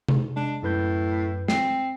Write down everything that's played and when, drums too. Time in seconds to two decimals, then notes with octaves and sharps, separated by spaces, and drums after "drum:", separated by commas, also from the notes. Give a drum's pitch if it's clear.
0.08 drum: tom C3
0.36 G#3 D4
0.63 F#2 A2 B4 G6
1.48 C4 C7, drum: snare